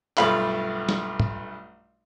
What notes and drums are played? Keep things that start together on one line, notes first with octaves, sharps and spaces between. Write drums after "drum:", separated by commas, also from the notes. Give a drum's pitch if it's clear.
B1 G2 A3 F4 F5 B5, drum: clap
drum: snare
drum: tom